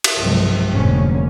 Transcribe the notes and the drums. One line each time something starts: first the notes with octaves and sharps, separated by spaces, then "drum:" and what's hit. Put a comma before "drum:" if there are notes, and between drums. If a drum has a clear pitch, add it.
drum: cymbal
B1 G2 C3 F3 G#3
F1 G#2 D3 A#3 C#4